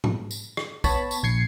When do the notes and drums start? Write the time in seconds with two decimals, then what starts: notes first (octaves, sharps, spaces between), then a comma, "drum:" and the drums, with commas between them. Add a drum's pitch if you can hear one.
0.04 drum: tom G#2
0.31 drum: tambourine
0.57 drum: rim click
0.84 B3 C#5 A5 B5, drum: kick, tambourine
1.11 drum: tambourine
1.23 A#1 G#6 C7 C#7